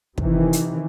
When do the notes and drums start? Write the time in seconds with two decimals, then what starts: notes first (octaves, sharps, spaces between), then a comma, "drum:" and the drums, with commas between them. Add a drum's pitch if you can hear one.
0.18 C3 D#3 E3, drum: kick
0.53 drum: hi-hat